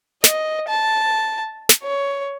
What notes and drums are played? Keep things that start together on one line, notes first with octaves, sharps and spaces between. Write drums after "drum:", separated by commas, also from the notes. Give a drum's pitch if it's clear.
D#5, drum: snare
A5
drum: snare
C#5